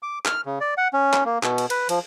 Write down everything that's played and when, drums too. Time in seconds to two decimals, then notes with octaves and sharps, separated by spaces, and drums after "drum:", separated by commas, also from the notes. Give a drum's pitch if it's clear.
0.03 D6
0.26 F6, drum: clap
0.46 C#3
0.61 D5
0.77 F#5
0.93 C#4
1.13 drum: clap
1.25 A#3
1.43 B2, drum: clap
1.58 drum: cymbal
1.70 B4, drum: cymbal
1.89 F3, drum: cymbal